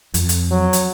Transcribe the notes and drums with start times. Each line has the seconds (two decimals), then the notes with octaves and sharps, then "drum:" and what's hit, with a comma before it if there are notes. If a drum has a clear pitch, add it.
0.14 F2, drum: hi-hat
0.29 drum: hi-hat
0.51 F#3
0.73 drum: hi-hat